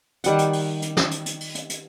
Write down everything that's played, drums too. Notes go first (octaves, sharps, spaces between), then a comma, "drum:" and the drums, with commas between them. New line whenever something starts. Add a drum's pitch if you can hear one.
D#3 G3 F#5, drum: hi-hat
drum: hi-hat
drum: open hi-hat
drum: hi-hat
drum: snare
drum: hi-hat
drum: hi-hat
drum: open hi-hat
drum: hi-hat
drum: hi-hat